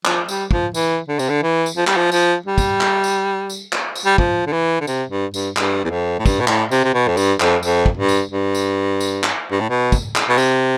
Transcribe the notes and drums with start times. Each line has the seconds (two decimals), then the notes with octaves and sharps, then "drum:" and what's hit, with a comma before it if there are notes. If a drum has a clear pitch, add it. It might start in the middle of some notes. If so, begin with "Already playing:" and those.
0.05 F3, drum: clap
0.29 G3, drum: tambourine
0.51 F3, drum: kick
0.74 E3, drum: tambourine
1.08 D3
1.19 C3, drum: tambourine
1.29 D3
1.43 E3
1.66 drum: tambourine
1.77 F3
1.87 G3, drum: clap
1.96 F3
2.12 F3, drum: tambourine
2.46 G3
2.58 drum: kick, tambourine
2.81 drum: clap
3.04 drum: tambourine
3.50 drum: tambourine
3.73 drum: clap
3.95 drum: tambourine
4.06 G3
4.18 F3, drum: kick
4.47 D3
4.53 E3
4.81 D3
4.87 C3, drum: tambourine
5.10 G2
5.34 G2, drum: tambourine
5.56 G2, drum: clap
5.85 E2
5.90 F2
6.19 A2
6.26 G2, drum: kick, tambourine
6.40 B2
6.47 A2, drum: clap
6.71 C3, drum: tambourine
6.84 C3
6.94 B2
7.08 F2
7.17 G2, drum: tambourine
7.40 F2, drum: clap
7.63 F2, drum: tambourine
7.86 drum: kick
7.97 G2
8.09 drum: tambourine
8.32 G2
8.55 drum: tambourine
9.01 drum: tambourine
9.23 drum: clap
9.52 G2
9.61 A2
9.70 B2
9.92 drum: kick, tambourine
10.15 drum: clap
10.29 B2
10.38 C3, drum: tambourine